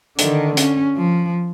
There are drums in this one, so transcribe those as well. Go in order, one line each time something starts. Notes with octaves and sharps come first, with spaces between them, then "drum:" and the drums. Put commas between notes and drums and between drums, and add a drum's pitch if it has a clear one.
D3 D#3, drum: hi-hat
C#4, drum: hi-hat
F3